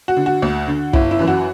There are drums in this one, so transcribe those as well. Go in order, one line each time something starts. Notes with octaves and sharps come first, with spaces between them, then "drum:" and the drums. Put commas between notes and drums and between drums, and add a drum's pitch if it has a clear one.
F#4
D3
F#4
D2
D3
G1 E4, drum: kick
E4
F#2 E3
F#4